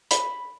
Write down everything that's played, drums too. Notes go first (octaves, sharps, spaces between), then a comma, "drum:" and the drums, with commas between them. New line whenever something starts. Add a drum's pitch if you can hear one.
B5, drum: hi-hat